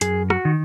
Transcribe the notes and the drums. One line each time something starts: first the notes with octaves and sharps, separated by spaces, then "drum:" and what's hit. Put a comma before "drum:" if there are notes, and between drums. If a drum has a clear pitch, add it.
F#2 G#4, drum: hi-hat
F#4, drum: rim click
D#3